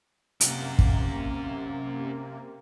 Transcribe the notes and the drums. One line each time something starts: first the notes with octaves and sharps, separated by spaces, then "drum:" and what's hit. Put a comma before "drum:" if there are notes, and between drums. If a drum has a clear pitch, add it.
C3 A#3 C#4 F#5, drum: hi-hat
drum: kick